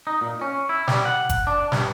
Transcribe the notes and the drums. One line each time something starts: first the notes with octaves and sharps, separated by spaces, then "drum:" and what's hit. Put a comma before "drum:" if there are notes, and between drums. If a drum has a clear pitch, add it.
D#4
A#2
C#4
E4
G3, drum: snare
F#5
drum: kick F#1, hi-hat
D4
G2, drum: snare